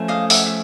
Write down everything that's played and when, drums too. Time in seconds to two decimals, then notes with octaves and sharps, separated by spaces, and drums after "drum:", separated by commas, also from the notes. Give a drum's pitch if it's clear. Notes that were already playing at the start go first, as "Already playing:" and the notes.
Already playing: F3 A3 C#4
0.08 D#5 F5
0.30 E5 F#5, drum: open hi-hat
0.46 E5